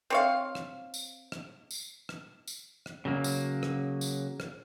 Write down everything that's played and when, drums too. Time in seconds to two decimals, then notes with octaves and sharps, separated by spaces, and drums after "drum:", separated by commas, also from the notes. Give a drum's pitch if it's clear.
0.10 C4 C#5 F5
0.55 drum: rim click
0.94 drum: tambourine
1.32 drum: rim click
1.71 drum: tambourine
2.09 drum: rim click
2.47 drum: tambourine
2.86 drum: rim click
3.05 C#3 F#3 A#3
3.24 drum: tambourine
3.63 drum: rim click
4.01 drum: tambourine
4.40 drum: rim click